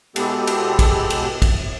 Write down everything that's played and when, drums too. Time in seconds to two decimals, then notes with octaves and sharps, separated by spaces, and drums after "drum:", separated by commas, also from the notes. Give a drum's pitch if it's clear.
0.16 B2 G#3 B3 G4 A4, drum: cymbal
0.47 drum: cymbal
0.79 drum: kick, cymbal
1.10 drum: cymbal
1.42 drum: kick, cymbal